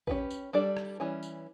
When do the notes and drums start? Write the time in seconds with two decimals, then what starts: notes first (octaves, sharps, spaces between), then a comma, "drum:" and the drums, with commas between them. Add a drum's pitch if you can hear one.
0.07 C#4 G4 B4, drum: kick A#1
0.31 drum: tambourine
0.53 G3 D4 A4 D5
0.77 drum: rim click
1.00 E3 G3 C#4
1.23 drum: tambourine